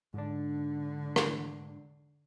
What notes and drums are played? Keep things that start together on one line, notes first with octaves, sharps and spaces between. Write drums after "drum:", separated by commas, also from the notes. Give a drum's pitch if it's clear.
G#2 D3 D4
drum: rim click